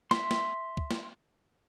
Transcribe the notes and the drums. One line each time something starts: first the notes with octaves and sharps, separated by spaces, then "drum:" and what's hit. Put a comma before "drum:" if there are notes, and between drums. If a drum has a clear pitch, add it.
E5 C6, drum: snare
drum: snare
drum: kick
drum: snare